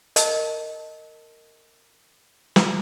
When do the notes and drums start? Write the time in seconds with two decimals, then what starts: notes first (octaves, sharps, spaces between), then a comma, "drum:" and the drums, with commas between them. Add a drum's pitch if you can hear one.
0.16 A#4 D#5 A5, drum: hi-hat
2.56 drum: snare